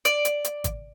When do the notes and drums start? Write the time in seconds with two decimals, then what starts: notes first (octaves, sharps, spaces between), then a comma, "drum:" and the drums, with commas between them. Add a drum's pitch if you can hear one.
0.05 D5, drum: hi-hat
0.25 drum: hi-hat
0.44 drum: hi-hat
0.64 drum: kick G#1, hi-hat